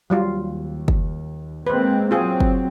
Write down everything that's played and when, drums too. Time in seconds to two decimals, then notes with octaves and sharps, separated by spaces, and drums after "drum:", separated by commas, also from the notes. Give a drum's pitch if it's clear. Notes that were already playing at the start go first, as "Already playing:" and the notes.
0.10 D#2 F#3 G3 F4
0.88 drum: kick F#1
1.67 G#3 A#3 C4 B4 C5
2.11 F#3 C4 F4 G#4
2.40 drum: kick F#1